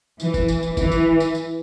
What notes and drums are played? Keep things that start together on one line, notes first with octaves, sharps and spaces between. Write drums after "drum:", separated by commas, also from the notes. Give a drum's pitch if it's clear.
E3, drum: tambourine
drum: kick, tambourine
drum: tambourine
drum: tambourine
E3, drum: kick, tambourine
drum: tambourine
drum: tambourine
drum: tambourine